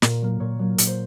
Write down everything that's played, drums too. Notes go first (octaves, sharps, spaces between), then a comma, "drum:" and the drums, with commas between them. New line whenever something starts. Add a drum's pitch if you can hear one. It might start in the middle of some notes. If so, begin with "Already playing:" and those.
A#2 A#4, drum: snare
F#3 A#3
A#2 C#5
F#3 A#3
A#2, drum: hi-hat
C5